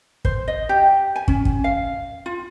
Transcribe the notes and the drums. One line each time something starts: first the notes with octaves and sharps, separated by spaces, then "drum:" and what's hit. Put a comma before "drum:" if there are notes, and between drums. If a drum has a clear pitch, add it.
C5, drum: kick
D#5
G4
G#5
C#4, drum: kick
drum: kick
F5
F4